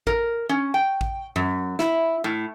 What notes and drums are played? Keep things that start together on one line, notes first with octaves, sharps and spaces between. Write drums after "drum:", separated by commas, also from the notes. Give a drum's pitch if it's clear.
A#4, drum: kick A1
C#4
G5
drum: kick A1
F#2, drum: tom F#2
E4, drum: snare
A2